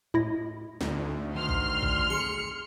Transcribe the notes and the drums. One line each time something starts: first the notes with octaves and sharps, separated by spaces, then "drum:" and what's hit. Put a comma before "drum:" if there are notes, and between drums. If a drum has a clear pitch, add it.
A2 E4 D#5 A#6
D2 D#4, drum: snare
D#3 C6 F6
drum: kick
drum: kick
G#4 C#7